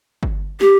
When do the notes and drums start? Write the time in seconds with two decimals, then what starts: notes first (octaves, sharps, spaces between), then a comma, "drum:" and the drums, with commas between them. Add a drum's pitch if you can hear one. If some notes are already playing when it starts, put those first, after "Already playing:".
0.23 drum: kick G1
0.60 G4, drum: snare